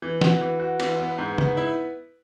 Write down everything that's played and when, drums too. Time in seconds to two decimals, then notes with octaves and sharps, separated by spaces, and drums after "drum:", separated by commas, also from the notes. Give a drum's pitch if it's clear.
0.02 E3
0.21 F#4, drum: snare
0.41 E3
0.59 F#4
0.80 E3, drum: cymbal
0.99 B3
1.18 G#2
1.38 B3, drum: tom
1.57 E4